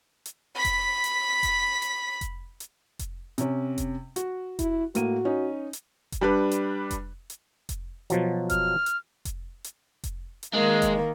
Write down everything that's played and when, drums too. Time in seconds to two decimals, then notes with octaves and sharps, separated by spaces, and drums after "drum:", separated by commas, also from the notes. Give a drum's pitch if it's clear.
0.26 drum: hi-hat
0.55 B5 B6
0.65 drum: kick F1, hi-hat
1.04 drum: hi-hat
1.43 drum: kick F1, hi-hat
1.82 drum: hi-hat
2.21 drum: kick F1, hi-hat
2.60 drum: hi-hat
2.99 drum: kick F1, hi-hat
3.38 C3 C#4, drum: hi-hat
3.78 drum: kick F1, hi-hat
4.16 F#4, drum: hi-hat
4.59 E4, drum: kick F1, hi-hat
4.95 A2 A#3 F#4 D#7, drum: hi-hat
5.25 C#4 D#4
5.73 drum: hi-hat
6.12 drum: kick F1, hi-hat
6.21 G3 D4 B4
6.51 drum: hi-hat
6.91 drum: kick F1, hi-hat
7.30 drum: hi-hat
7.69 drum: kick F1, hi-hat
8.10 B2 F3 F#3, drum: hi-hat
8.50 F6, drum: kick F1, hi-hat
8.86 drum: hi-hat
9.25 drum: kick F1, hi-hat
9.64 drum: hi-hat
10.04 drum: kick F1, hi-hat
10.43 drum: hi-hat
10.53 D#3 G#3 A#3
10.82 drum: kick F1, hi-hat